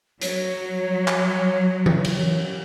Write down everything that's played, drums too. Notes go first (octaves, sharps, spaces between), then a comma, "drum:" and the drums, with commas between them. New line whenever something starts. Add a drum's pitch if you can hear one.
F#3 C#5, drum: hi-hat
drum: clap
drum: tom E3
drum: cymbal